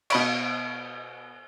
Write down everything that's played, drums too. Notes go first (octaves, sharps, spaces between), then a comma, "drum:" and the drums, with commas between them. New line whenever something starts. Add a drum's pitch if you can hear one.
B2 B5 C#6, drum: cymbal